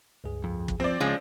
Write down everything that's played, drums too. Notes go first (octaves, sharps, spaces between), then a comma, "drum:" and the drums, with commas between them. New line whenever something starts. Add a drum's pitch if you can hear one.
C#2 G2 G#4
F2
drum: kick
F3 C4 D5
C#2 F3 G#3 C#4